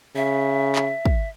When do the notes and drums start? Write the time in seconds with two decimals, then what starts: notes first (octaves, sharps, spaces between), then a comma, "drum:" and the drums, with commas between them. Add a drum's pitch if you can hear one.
0.16 C#3 E5
0.76 drum: clap
1.05 drum: kick